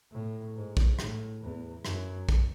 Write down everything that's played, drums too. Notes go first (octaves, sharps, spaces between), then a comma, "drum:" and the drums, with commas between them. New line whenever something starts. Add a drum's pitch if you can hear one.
A2
G#2
drum: kick
A2, drum: rim click
E2
F#2, drum: rim click
drum: kick